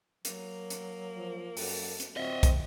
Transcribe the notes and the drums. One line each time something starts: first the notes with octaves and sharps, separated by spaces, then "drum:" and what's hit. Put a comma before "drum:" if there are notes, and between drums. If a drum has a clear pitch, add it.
F#3 A#3, drum: hi-hat
drum: hi-hat
F3
F#2 A4, drum: open hi-hat
drum: hi-hat
C4 F4 F#4 D#5 E5
drum: kick B1, hi-hat